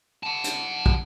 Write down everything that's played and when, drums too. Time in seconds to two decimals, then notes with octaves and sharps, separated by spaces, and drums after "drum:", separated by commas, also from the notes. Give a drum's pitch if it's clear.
0.23 F#5 A5
0.44 drum: hi-hat
0.86 drum: kick